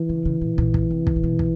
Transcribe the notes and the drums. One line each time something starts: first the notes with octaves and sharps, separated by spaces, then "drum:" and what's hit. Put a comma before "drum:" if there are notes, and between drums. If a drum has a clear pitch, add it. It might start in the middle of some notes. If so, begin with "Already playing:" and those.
Already playing: E3
C#3
C#3
A#2
A#2, drum: kick
drum: kick
C3
drum: kick
A#2
B2
drum: kick